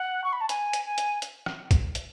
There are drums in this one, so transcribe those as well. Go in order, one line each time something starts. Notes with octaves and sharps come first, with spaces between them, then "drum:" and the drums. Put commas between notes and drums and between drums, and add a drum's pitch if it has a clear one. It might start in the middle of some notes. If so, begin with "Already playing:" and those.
Already playing: F#5
C#6
B5
A5
G#5, drum: hi-hat
drum: hi-hat
G#5
drum: hi-hat
drum: hi-hat
drum: rim click
drum: kick, hi-hat
drum: hi-hat